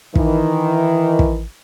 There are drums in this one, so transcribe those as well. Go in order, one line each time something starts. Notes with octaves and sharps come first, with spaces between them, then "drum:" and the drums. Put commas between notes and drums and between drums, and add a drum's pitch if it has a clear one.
D#3 E3, drum: kick
drum: kick